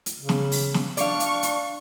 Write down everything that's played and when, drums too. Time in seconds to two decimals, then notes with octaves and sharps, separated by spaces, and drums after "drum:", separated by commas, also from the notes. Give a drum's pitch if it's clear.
0.06 drum: hi-hat
0.19 C#3
0.29 drum: snare
0.52 drum: open hi-hat
0.74 drum: snare
0.97 D4 D5 F5 C#6, drum: hi-hat
1.20 drum: hi-hat
1.43 drum: hi-hat